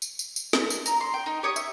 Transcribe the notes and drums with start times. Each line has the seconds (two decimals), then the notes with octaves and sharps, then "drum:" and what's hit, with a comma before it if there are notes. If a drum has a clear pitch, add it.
0.02 drum: tambourine
0.19 drum: tambourine
0.36 drum: tambourine
0.53 drum: snare
0.70 drum: tambourine
0.86 A#5, drum: tambourine
1.01 C6
1.14 G5
1.26 D#4
1.43 G4 C#5 D#6
1.56 E5, drum: tambourine